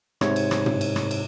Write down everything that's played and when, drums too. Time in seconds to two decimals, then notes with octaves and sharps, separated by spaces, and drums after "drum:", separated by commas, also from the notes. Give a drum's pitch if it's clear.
0.21 G#2 C3 C#5, drum: rim click
0.36 drum: cymbal
0.51 drum: rim click
0.66 drum: tom
0.81 drum: cymbal
0.96 drum: rim click
1.11 drum: cymbal